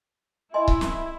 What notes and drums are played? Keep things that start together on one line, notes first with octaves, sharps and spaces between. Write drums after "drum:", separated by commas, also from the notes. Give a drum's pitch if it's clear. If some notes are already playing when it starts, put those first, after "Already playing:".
E4 D#5 G#5 C6
drum: kick C#1
drum: snare